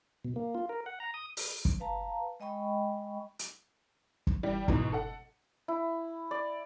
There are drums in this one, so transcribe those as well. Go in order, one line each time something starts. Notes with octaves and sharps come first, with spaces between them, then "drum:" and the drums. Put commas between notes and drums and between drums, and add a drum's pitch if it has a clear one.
B2
A#3
F4
A#4
F#5
A#5
D#6
drum: open hi-hat
drum: kick
B4 F5 A5 A#5
G#3 D#5 G5 B5 C#6
drum: hi-hat
drum: kick
E3 G3
G#2 B2 E3, drum: kick
A4 F#5
E4
D5